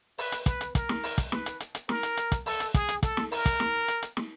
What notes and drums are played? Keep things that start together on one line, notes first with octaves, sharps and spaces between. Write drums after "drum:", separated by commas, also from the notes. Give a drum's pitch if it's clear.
B4, drum: open hi-hat
drum: hi-hat
B4, drum: kick, hi-hat
drum: hi-hat
A#4, drum: kick, hi-hat
drum: snare
drum: open hi-hat
drum: kick, hi-hat
B4, drum: snare
drum: hi-hat
drum: hi-hat
drum: hi-hat
A#4, drum: snare
drum: hi-hat
drum: hi-hat
drum: kick, hi-hat
A4, drum: open hi-hat
drum: hi-hat
G#4, drum: kick, hi-hat
drum: hi-hat
A4, drum: kick, hi-hat
drum: snare
A#4, drum: open hi-hat
drum: kick, hi-hat
drum: snare
drum: hi-hat
drum: hi-hat
drum: snare